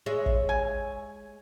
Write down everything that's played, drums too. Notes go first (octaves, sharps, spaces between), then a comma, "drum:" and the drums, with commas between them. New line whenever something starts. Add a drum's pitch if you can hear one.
G#3 C#5 E5
drum: kick
G#5